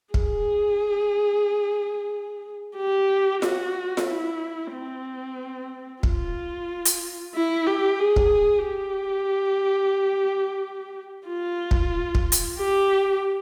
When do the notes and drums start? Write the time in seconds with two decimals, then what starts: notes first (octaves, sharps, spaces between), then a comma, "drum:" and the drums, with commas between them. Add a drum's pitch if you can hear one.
0.14 G#4, drum: kick
2.77 G4
3.42 F#4, drum: snare F4
3.97 drum: snare F4
4.08 E4
4.73 C4
6.03 F4, drum: kick
6.85 drum: hi-hat
7.35 E4
7.67 G4
8.00 G#4
8.16 drum: kick
8.66 G4
11.28 F4
11.71 drum: kick
12.15 drum: kick
12.32 drum: hi-hat
12.58 G4